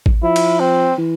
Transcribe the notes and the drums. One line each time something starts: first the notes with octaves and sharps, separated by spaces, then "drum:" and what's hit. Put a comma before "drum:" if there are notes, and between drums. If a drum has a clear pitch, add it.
drum: kick A1
F3 E4
drum: cymbal
C4
E3